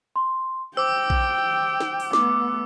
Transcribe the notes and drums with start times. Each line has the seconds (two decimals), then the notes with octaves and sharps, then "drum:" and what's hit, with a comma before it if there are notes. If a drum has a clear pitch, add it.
0.16 C6
0.77 C5 G5 D6 E6
1.10 drum: kick A#1
1.80 drum: snare
2.00 drum: open hi-hat
2.13 A3 B3 D6, drum: snare